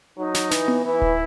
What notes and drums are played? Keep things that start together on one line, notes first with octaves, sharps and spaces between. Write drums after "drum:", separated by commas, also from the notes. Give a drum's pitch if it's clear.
F#3 D#4
drum: snare
E3, drum: snare
drum: tom B3
E3 E4
drum: kick D1